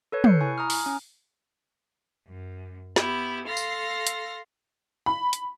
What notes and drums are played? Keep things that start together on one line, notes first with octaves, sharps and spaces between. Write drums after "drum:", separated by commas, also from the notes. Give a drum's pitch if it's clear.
A4 B4 C#5 C#7
G6 C7 C#7, drum: tom
E4 G#5 C#6
A#5 D#6 F6
G#5 A#5 F6, drum: open hi-hat
C#4
F#2
B3 E4 G4, drum: snare
A4 F5 C6 A#6
drum: tambourine
drum: hi-hat
B5
drum: hi-hat